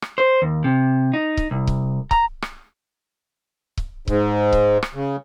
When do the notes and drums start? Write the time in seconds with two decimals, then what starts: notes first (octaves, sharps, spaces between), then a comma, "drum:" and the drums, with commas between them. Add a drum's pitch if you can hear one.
0.02 drum: rim click
0.18 C5
0.42 D#2
0.64 C3
1.14 D#4
1.37 drum: kick C#1
1.51 C2
1.67 drum: kick C#1
2.11 A#5, drum: kick C#1
2.42 drum: rim click
3.77 drum: kick C#1
4.07 G#2, drum: kick C#1
4.53 drum: kick C#1
4.83 drum: rim click
4.95 C#3